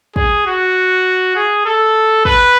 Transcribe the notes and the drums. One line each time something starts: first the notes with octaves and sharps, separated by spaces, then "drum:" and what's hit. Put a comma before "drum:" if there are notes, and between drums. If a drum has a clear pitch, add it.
G#4, drum: kick
F#4
G#4
A4
B4, drum: kick